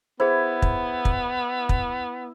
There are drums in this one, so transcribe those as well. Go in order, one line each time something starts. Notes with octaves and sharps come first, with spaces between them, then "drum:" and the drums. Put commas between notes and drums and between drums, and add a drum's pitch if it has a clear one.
B3 E4 G#4 C5
drum: kick
drum: kick
drum: kick